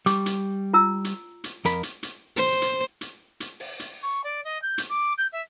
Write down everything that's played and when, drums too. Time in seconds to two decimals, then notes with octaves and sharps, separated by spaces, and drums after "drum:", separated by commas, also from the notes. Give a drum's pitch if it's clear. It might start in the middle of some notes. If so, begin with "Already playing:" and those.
0.06 G3 C#6 D6, drum: hi-hat
0.26 drum: hi-hat
0.73 F4 A#5 E6
1.04 drum: hi-hat
1.44 drum: hi-hat
1.65 F2 A#4 B5, drum: hi-hat
1.83 drum: hi-hat
2.03 drum: hi-hat
2.37 C5
2.62 drum: hi-hat
3.01 drum: hi-hat
3.40 drum: hi-hat
3.60 drum: open hi-hat
3.80 drum: hi-hat
4.02 C#6
4.24 D5
4.44 D#5
4.62 G6
4.78 drum: hi-hat
4.89 D6
5.18 G6
5.32 E5